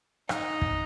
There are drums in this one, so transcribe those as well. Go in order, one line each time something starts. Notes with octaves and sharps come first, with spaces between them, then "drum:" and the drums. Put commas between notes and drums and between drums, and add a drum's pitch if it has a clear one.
D#4, drum: rim click
drum: kick